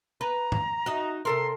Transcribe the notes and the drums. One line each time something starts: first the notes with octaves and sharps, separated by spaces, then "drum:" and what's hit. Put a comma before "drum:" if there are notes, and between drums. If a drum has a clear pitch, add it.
B4 A#5
drum: tom G2
D#4 F#4
C3 A4 A#4 C6